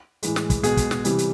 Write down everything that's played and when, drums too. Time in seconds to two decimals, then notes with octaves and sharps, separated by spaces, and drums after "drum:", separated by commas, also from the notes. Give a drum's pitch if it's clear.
0.23 A2 E3 G#3, drum: hi-hat
0.36 drum: snare
0.50 drum: kick, hi-hat
0.63 B2 G#3 G#4, drum: hi-hat
0.77 drum: kick, hi-hat
0.91 drum: snare
1.05 C3 E3 G3, drum: hi-hat
1.18 drum: hi-hat